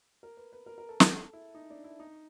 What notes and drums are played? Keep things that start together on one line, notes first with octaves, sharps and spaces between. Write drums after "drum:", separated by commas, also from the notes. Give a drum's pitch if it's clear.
A#4
B4
B4
A#4
A#4
A4
G#4, drum: snare
A4
E4
D#4
D4
E4
D#4